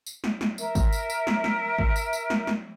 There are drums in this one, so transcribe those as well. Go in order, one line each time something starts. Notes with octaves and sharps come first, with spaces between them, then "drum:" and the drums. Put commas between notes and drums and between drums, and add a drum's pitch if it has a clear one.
drum: tambourine
drum: snare
drum: snare
A#4 E5, drum: tambourine
drum: kick G#1, tambourine
drum: tambourine
drum: tambourine
drum: snare
drum: snare
drum: kick G#1
drum: tambourine
drum: tambourine
drum: snare
drum: snare